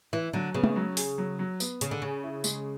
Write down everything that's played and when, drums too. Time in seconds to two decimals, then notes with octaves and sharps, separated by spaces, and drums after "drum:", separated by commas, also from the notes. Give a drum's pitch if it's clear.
0.13 E3 E4
0.33 D3 F#3
0.54 C#3 B3
0.64 drum: tom G#3
0.76 F#3
0.97 G#4, drum: open hi-hat
1.18 F#3
1.39 F#3
1.60 B3, drum: tambourine
1.81 C#3 G#4, drum: hi-hat
1.91 D3
2.02 C#3 G#4
2.24 E4
2.44 G#3, drum: tambourine